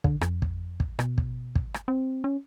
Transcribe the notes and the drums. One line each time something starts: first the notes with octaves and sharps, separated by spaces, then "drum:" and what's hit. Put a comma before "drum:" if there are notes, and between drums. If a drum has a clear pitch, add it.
D3, drum: kick
F2, drum: rim click
drum: kick
drum: kick
B2, drum: rim click
drum: kick
drum: kick
drum: rim click
C4
C#4